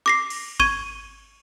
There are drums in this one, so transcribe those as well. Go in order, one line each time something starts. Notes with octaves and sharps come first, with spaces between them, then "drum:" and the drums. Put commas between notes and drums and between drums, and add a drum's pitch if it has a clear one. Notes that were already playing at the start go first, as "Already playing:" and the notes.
D6 A#6 C7
drum: cymbal
C#6 G#6 D#7, drum: kick G#1